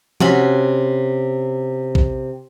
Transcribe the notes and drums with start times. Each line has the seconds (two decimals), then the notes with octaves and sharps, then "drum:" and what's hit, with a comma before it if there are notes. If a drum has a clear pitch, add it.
0.21 C3 C#4 F#4 B5, drum: tom
1.95 drum: kick A#1